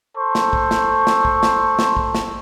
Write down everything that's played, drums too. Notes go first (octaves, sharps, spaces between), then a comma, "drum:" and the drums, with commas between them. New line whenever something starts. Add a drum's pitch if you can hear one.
A4 C5 C#6
drum: snare
drum: kick
drum: snare
drum: snare
drum: kick
drum: snare
drum: snare
drum: kick
drum: snare